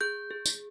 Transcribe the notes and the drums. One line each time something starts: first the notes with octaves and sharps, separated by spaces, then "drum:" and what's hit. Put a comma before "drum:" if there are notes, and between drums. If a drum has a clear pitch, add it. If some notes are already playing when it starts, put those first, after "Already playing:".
G#4 G6
G#4
drum: tambourine